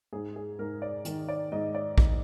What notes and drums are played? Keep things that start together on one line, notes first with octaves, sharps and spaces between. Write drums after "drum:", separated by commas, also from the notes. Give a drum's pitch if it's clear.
G#2 G#4
G#4
G#2 A#4
D5
D#3, drum: hi-hat
D5
G#2 D#5
D5
D#3, drum: kick A#1